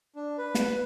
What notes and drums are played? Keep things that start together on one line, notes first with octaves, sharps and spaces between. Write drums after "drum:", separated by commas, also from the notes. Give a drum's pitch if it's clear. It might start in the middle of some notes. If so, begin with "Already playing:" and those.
D4
B4
drum: snare